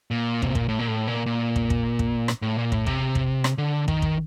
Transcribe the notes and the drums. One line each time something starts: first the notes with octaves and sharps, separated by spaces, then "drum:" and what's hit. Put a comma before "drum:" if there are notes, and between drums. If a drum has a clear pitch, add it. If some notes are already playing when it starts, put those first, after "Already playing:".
A#2
C3, drum: kick
A#2, drum: kick
A2
A#2
A2
A#2
A#2
drum: kick
drum: kick
drum: kick
drum: rim click
A2
A#2
A2, drum: kick
C3, drum: kick
drum: kick
drum: rim click
D3
D#3, drum: kick
drum: kick